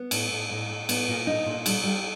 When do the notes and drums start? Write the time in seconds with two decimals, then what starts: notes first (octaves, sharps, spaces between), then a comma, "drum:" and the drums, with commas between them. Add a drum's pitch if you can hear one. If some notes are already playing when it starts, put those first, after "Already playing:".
Already playing: B3
0.11 A2, drum: cymbal
0.30 A2
0.50 A2
0.70 A2
0.89 B3, drum: cymbal
1.08 A#2
1.27 D#4
1.45 A#2
1.66 G3, drum: cymbal
1.84 G3